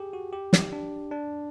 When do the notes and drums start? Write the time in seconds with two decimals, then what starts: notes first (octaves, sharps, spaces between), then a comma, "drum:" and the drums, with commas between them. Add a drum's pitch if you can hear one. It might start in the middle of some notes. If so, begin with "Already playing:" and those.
Already playing: G4 G#4
0.13 F#4
0.33 G4
0.53 drum: snare
0.73 D4
1.11 D4